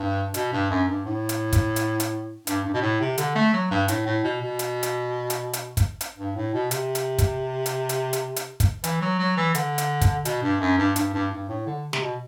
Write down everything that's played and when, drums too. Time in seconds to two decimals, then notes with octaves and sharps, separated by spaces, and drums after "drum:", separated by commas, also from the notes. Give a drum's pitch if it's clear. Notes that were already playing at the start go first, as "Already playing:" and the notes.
Already playing: G2
0.34 B2, drum: hi-hat
0.52 G2
0.70 F#2
0.88 G2
1.05 A2
1.29 drum: hi-hat
1.53 drum: kick, hi-hat
1.76 drum: hi-hat
2.00 drum: hi-hat
2.47 G2, drum: hi-hat
2.64 G2
2.74 B2
2.82 A2
3.00 C3
3.18 D3, drum: hi-hat
3.35 A3
3.53 F#3
3.71 G2
3.88 A2, drum: hi-hat
4.06 A2
4.24 B2
4.42 B2
4.59 drum: hi-hat
4.83 drum: hi-hat
5.30 drum: hi-hat
5.53 drum: hi-hat
5.77 drum: kick, hi-hat
6.01 drum: hi-hat
6.18 G2
6.36 A2
6.54 B2
6.71 C3, drum: hi-hat
6.95 drum: hi-hat
7.18 drum: kick, hi-hat
7.66 drum: hi-hat
7.89 drum: hi-hat
8.13 drum: hi-hat
8.36 drum: hi-hat
8.60 drum: kick, hi-hat
8.84 E3, drum: hi-hat
9.01 F#3
9.19 F#3
9.37 E3
9.55 D3, drum: hi-hat
9.78 drum: hi-hat
10.01 drum: kick, hi-hat
10.25 B2, drum: hi-hat
10.43 G2
10.60 F#2
10.78 G2
10.96 G2, drum: hi-hat
11.14 G2
11.31 G2
11.49 A2
11.66 D3
11.93 C3, drum: snare
12.02 B2